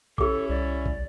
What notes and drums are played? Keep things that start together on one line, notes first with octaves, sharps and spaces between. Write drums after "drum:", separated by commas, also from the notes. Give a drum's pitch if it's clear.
C#4 E4 G4 A4 D6, drum: kick
C2 D5
drum: kick